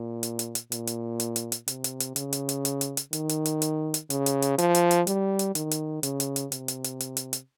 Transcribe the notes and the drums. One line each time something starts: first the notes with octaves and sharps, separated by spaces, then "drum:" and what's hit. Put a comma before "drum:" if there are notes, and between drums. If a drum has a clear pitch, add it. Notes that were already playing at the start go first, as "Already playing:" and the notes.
Already playing: A#2
drum: hi-hat
drum: hi-hat
drum: hi-hat
A#2, drum: hi-hat
drum: hi-hat
drum: hi-hat
drum: hi-hat
drum: hi-hat
C3, drum: hi-hat
drum: hi-hat
drum: hi-hat
C#3, drum: hi-hat
drum: hi-hat
drum: hi-hat
drum: hi-hat
drum: hi-hat
drum: hi-hat
D#3, drum: hi-hat
drum: hi-hat
drum: hi-hat
drum: hi-hat
drum: hi-hat
C#3, drum: hi-hat
drum: hi-hat
drum: hi-hat
F3, drum: hi-hat
drum: hi-hat
drum: hi-hat
G3, drum: hi-hat
drum: hi-hat
D#3, drum: hi-hat
drum: hi-hat
C#3, drum: hi-hat
drum: hi-hat
drum: hi-hat
C3, drum: hi-hat
drum: hi-hat
drum: hi-hat
drum: hi-hat
drum: hi-hat
drum: hi-hat